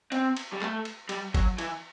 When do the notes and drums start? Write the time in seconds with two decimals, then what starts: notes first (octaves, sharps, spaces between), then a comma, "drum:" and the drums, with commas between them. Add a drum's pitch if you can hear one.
0.12 C4, drum: cymbal
0.37 drum: cymbal
0.53 G3
0.62 A3, drum: clap
0.85 drum: cymbal
1.09 G3, drum: cymbal
1.34 F#3, drum: kick G1, cymbal
1.58 E3, drum: cymbal